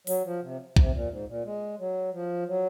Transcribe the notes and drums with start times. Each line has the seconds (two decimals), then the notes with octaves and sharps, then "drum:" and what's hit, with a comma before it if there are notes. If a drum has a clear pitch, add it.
0.07 F#3, drum: open hi-hat
0.25 F3
0.42 C3
0.76 C3, drum: kick A#1
0.93 A#2
1.10 G#2
1.28 A#2
1.45 G#3
1.79 F#3
2.13 F3
2.47 F#3